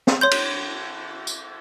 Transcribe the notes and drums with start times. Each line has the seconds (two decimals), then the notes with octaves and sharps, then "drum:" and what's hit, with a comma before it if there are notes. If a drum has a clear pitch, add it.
0.07 drum: snare
0.21 C#5 C6 G6
0.31 drum: cymbal
1.27 drum: tambourine